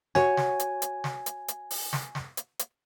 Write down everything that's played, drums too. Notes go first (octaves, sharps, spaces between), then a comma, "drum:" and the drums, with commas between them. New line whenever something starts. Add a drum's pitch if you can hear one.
F#4 C#5 G#5, drum: snare
drum: snare
drum: hi-hat
drum: hi-hat
drum: snare
drum: hi-hat
drum: hi-hat
drum: open hi-hat
drum: snare
drum: snare
drum: hi-hat
drum: hi-hat